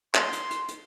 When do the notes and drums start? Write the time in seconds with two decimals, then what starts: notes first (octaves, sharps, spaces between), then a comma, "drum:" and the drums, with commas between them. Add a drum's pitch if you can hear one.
0.15 C6, drum: clap
0.33 drum: hi-hat
0.51 drum: hi-hat
0.69 drum: hi-hat